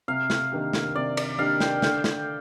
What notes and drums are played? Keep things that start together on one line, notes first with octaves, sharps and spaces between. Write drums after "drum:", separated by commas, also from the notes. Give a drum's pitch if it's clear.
C3 F5
drum: snare
D#3 A#3 D4 G4
drum: snare
C3 D5
D5, drum: cymbal
D#3 A#3 D4 G4 F5
G5, drum: snare
D3 G5, drum: snare
drum: snare